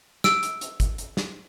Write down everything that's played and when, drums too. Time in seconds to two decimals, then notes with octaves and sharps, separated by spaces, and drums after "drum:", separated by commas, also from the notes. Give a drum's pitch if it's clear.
0.24 E6 D7, drum: snare
0.43 drum: hi-hat
0.61 drum: hi-hat
0.80 drum: kick, hi-hat
0.98 drum: hi-hat
1.17 drum: snare